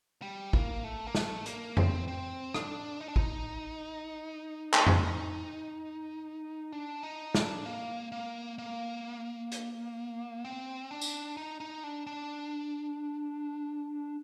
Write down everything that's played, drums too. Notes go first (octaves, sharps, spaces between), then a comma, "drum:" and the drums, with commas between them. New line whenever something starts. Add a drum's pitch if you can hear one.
G3
A#3, drum: kick A1
A3
A#3
A3, drum: snare
A#3, drum: hi-hat
C4, drum: tom F2
C4
D4, drum: rim click
D#4
D4
D#4, drum: kick A1
drum: clap
D#4, drum: tom F2
D4
D#4
D4, drum: snare
A#3
A#3
A#3
drum: hi-hat
C4
D4
drum: tambourine
D#4
D#4
D4
D4